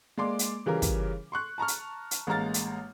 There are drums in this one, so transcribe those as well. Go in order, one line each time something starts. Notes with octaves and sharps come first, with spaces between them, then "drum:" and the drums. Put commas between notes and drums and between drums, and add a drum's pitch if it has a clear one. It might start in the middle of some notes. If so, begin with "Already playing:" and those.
G#3 A#3 D5 C6 D6
drum: hi-hat
C#3 E3 G3 F4 A#4
drum: kick, hi-hat
C6 C#6 F#6
A5 A#5 C#6 F6
drum: hi-hat
drum: hi-hat
A1 G#3 A#3 A#5 F6 A6
drum: hi-hat